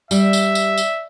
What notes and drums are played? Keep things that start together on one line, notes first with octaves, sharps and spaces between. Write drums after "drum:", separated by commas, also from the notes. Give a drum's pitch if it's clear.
G3 E5, drum: tambourine
drum: tambourine
drum: tambourine
drum: tambourine